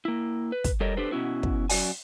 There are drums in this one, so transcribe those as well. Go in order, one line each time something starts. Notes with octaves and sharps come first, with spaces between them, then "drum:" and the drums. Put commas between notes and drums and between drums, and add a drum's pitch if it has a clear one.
A#3 E4
B4
drum: kick, hi-hat
G3 G4 A4 A#4 C#5 D#5
D4 G4 A4 B4 C5
B2 D#3 C#4 E4 F#4
drum: kick
F#2 G#3 F#4 D5 G#5, drum: open hi-hat